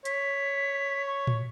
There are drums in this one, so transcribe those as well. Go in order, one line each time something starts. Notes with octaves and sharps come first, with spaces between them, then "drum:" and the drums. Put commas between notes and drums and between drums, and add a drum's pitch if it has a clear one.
C#5 B6, drum: hi-hat
C#6
drum: tom A2